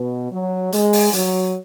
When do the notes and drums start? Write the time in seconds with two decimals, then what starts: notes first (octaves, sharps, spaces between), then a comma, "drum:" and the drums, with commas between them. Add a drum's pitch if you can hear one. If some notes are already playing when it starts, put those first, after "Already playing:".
Already playing: B2
0.32 F#3
0.72 G#3, drum: hi-hat
0.93 drum: open hi-hat
1.13 F#3, drum: hi-hat